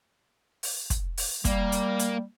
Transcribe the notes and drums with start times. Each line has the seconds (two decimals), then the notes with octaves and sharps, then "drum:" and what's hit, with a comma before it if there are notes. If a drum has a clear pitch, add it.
0.63 drum: open hi-hat
0.90 drum: kick, hi-hat
1.17 drum: open hi-hat
1.45 G3 A#3, drum: kick, hi-hat
1.72 drum: hi-hat
1.99 drum: hi-hat